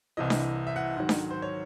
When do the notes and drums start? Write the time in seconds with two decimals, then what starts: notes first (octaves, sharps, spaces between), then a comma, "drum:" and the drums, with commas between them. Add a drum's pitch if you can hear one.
0.17 C2 C3 E3 D#5
0.30 drum: snare D4
0.67 E5
0.76 F#5
0.96 G#2 D#3 F#3
1.09 drum: snare D4
1.31 C5
1.42 C#5